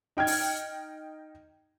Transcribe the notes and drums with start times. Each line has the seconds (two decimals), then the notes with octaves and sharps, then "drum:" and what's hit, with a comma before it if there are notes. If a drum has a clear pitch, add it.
0.17 D#4 G5 F6 G#6
0.27 drum: open hi-hat